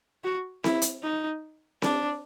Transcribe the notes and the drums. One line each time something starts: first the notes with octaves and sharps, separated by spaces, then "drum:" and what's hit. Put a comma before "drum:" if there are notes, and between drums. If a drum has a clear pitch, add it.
F#4
E4, drum: snare C4
drum: hi-hat
D#4
D4, drum: snare C4